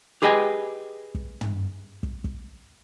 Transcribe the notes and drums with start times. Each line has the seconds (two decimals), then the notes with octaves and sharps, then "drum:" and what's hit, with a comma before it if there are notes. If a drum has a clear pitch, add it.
0.22 G4 G#4 B4 D#5 G5 G#5
1.15 drum: kick
1.41 drum: tom
2.03 drum: kick
2.24 drum: kick